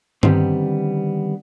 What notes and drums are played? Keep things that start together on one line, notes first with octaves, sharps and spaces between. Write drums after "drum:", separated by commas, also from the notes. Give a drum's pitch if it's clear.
D3 D#3 G3 B3 C4, drum: tom G2